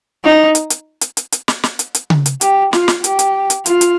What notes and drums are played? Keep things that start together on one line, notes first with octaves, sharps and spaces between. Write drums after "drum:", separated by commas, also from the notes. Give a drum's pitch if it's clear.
D#4
drum: hi-hat
drum: hi-hat
drum: hi-hat
drum: hi-hat
drum: hi-hat
drum: snare
drum: snare
drum: hi-hat
drum: hi-hat
drum: tom C#3
drum: hi-hat
G4, drum: hi-hat
F4, drum: snare
drum: snare
G4, drum: hi-hat
drum: hi-hat
drum: hi-hat
F4, drum: hi-hat
drum: hi-hat